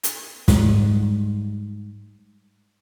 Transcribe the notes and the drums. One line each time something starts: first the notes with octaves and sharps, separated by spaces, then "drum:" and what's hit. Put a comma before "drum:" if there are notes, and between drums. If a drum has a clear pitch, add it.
drum: hi-hat
G#2 G3, drum: snare